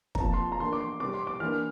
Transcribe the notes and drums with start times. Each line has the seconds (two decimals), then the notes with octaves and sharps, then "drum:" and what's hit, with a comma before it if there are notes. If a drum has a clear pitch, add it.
0.15 A#5, drum: kick
0.20 A#2 F3 C4 A5
0.33 C6
0.52 A#5
0.60 E3 A#3 D4 C6
0.73 D6
0.80 C6
1.00 C3 G3 C4 D6
1.14 C6
1.27 D6
1.40 E3 A#3 D4 F6